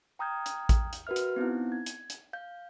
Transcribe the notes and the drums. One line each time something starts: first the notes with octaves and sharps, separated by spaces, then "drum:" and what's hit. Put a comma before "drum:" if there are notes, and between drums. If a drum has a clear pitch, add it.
G5 A#5 D#6 F6 G6 G#6
drum: hi-hat
drum: kick A1, hi-hat
drum: hi-hat
F#4 A#4 B4 E5 F6
drum: hi-hat
B3 C4 D#4 E4
G#6
drum: hi-hat
drum: hi-hat
F5 G6